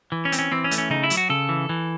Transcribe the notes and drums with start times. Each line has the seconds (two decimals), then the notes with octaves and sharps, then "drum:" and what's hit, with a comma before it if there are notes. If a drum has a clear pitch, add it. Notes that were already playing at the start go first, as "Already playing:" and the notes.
0.12 E3
0.25 C#4
0.32 C4, drum: hi-hat
0.39 C#4
0.52 E3 C4
0.64 C#4
0.71 A3, drum: hi-hat
0.78 C#4
0.90 C#3 D#4
1.04 E4
1.10 F#3, drum: hi-hat
1.17 F#4
1.30 C#3 A4
1.49 E3
1.69 E3